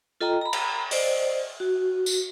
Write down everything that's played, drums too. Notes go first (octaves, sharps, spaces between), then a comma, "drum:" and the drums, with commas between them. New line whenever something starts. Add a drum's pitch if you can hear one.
F4 A4 D#5 G5 A#5
A#5 B5
drum: cymbal
C5 D5 D#5, drum: open hi-hat
F#4
drum: tambourine